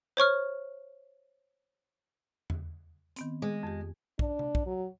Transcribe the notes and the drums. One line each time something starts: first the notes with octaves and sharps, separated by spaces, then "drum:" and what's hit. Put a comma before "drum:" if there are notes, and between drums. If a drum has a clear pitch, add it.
C5 C#5 C#6 F6
drum: tom E2
D#3 B3 C4, drum: hi-hat
G#3
F2 G4
D4, drum: kick
drum: tom C3
drum: kick
F#3